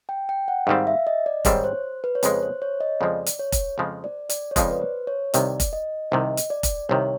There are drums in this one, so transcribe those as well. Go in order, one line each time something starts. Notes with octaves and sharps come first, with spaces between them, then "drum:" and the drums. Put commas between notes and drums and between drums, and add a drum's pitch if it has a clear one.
G5
G5
F#5
G#2 D#3 G3 C4 F5
E5
D#5
D5
G#2 D#3 G3 C4 C#5, drum: kick F1, hi-hat
C5
B4
C#5
F2 C#3 F3 G#3 C5, drum: hi-hat
C5
C#5
D#5
F2 C#3 F3 G#3 D5
drum: hi-hat
C#5
drum: kick F1, hi-hat
F2 C#3 F3 G#3 C5
D5
D5, drum: hi-hat
C#5
F2 C#3 F3 G#3 D5, drum: kick F1, hi-hat
B4
C5
C#5
C2 C3 D#3 D5, drum: hi-hat
drum: kick F1, hi-hat
D#5
C2 C3 D#3 D#5
drum: hi-hat
D5
drum: kick F1, hi-hat
C2 C3 D#3 C#5